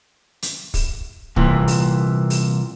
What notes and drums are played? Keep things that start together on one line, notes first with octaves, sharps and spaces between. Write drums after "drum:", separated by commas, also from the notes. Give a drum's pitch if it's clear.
drum: hi-hat
drum: kick, open hi-hat
C2 A#2 E3, drum: kick
drum: open hi-hat
drum: open hi-hat